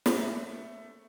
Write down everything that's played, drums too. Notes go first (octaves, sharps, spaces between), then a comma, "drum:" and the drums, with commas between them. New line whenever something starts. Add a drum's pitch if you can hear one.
drum: snare
A3